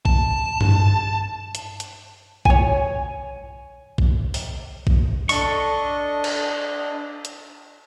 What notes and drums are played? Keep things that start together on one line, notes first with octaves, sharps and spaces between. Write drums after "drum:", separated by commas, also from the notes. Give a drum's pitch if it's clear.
A5, drum: kick A#1
drum: tom G2
drum: hi-hat
drum: hi-hat
C#5 G#5, drum: kick A#1
drum: kick A#1
drum: open hi-hat
drum: kick A#1
D4 A4 D#5 C#6, drum: open hi-hat
drum: cymbal
drum: hi-hat